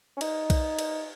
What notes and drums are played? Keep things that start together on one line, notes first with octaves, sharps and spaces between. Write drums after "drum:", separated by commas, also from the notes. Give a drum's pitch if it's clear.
C#4
D#4, drum: cymbal
drum: kick B1, cymbal
drum: cymbal